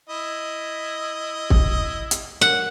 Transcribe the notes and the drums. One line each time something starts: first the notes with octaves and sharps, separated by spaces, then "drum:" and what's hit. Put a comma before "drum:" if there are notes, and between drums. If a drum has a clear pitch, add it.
E4 D#5
drum: kick
drum: hi-hat
F#5